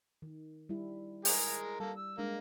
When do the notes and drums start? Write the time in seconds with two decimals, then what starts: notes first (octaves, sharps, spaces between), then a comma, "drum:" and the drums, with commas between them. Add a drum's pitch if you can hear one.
0.22 D#3
0.69 G3 E4
1.25 G#3 G#4 A#4, drum: open hi-hat
1.80 G3 A#3 A4
1.97 E6
2.18 G#3 A#3 D4